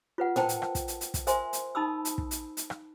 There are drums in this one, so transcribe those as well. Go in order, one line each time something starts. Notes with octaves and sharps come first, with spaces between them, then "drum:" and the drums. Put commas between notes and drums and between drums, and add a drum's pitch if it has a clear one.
F4 B4 F#5
A#4 C5 G5 A5 A#5, drum: tom A2
drum: hi-hat
drum: rim click
drum: kick, hi-hat
drum: hi-hat
drum: hi-hat
drum: kick, hi-hat
A#4 C5 E5 G#5 C6, drum: hi-hat
drum: hi-hat
D#4 A5 B5 D#6 E6
drum: hi-hat
drum: kick
drum: hi-hat
drum: hi-hat
drum: rim click